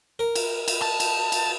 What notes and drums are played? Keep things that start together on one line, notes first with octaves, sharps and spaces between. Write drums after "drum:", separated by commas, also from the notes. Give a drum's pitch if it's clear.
A#4
drum: cymbal
drum: cymbal
A5
drum: cymbal
drum: cymbal